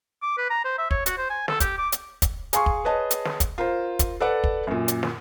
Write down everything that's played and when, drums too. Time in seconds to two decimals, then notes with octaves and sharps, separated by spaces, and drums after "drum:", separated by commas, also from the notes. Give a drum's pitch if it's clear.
0.22 D6
0.37 B4
0.50 A#5
0.65 C5
0.78 E5
0.91 C#5, drum: kick
1.06 F#4, drum: hi-hat
1.18 C5
1.30 G#5
1.48 A4, drum: snare
1.60 G4, drum: kick, hi-hat
1.78 D6
1.92 drum: hi-hat
2.22 drum: kick, hi-hat
2.53 G#4 F5 G#5 C6 C#6, drum: hi-hat
2.66 drum: kick
2.85 G#4 B4 C#5 D#5 A5
3.11 drum: hi-hat
3.25 drum: snare
3.40 drum: kick, hi-hat
3.58 F4 A#4 C5
3.99 drum: kick, hi-hat
4.20 A4 B4 D5 F#5
4.44 drum: kick
4.67 F#2 A#2
4.88 drum: hi-hat
5.03 drum: snare